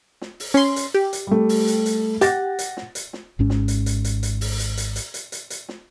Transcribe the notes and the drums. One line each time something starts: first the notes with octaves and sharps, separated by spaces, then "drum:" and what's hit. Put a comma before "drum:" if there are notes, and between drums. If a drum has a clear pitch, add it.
drum: snare
drum: open hi-hat
C#4 C6
drum: hi-hat
G4
drum: hi-hat
G3 A3
drum: open hi-hat
drum: hi-hat
drum: hi-hat
G4 F#5 A6 A#6, drum: hi-hat
drum: hi-hat
drum: snare
drum: hi-hat
drum: snare
G#1 G#2 C#4
drum: snare
drum: hi-hat
drum: hi-hat
drum: hi-hat
drum: hi-hat
drum: open hi-hat
drum: hi-hat
drum: hi-hat
drum: hi-hat
drum: hi-hat
drum: hi-hat
drum: hi-hat
drum: snare